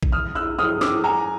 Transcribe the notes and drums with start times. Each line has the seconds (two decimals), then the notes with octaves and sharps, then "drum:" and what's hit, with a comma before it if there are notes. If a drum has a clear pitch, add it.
0.03 drum: kick
0.12 D#6 F6
0.35 E6 F#6
0.59 D#6 F6
0.81 D6 E6, drum: snare
1.04 G#5 A#5